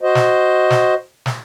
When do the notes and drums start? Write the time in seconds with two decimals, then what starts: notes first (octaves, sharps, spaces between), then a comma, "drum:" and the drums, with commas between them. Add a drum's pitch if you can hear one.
0.01 F#4 C5 D#5
0.15 drum: snare
0.70 drum: snare
1.26 drum: snare